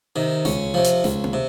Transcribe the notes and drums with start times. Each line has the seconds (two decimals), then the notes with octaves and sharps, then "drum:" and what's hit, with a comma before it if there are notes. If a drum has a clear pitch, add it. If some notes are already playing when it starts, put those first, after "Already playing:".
0.16 C3 D#3
0.45 C#2 C#4, drum: snare
0.74 C3 F3
0.84 drum: hi-hat
1.04 C#2, drum: snare
1.24 drum: tom A#3
1.33 C3